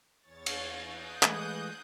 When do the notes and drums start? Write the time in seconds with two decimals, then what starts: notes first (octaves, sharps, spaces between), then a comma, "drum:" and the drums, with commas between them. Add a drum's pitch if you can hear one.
0.22 E2 C#5 A6
0.46 drum: cymbal
0.88 D#6 F#6 G6
1.23 E3 G#3 A3, drum: clap